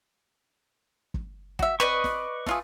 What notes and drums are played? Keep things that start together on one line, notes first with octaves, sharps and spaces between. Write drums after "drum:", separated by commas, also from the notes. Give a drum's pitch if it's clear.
drum: kick
F#4 E5, drum: kick
C4 B4 D5 D#5 C#6
drum: snare
A3 F4 G#4, drum: snare